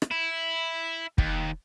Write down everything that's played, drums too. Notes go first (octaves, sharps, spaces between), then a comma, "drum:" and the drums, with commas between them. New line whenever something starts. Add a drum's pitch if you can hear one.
drum: rim click
E4
D#2, drum: kick